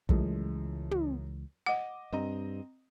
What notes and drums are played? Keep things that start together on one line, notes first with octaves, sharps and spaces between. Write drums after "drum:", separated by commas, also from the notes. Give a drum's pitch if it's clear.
C#2 F#2 E3 F3 G#3 A3, drum: kick
drum: tom
D#5 F#5 D6
G2 C4 D#5 A#5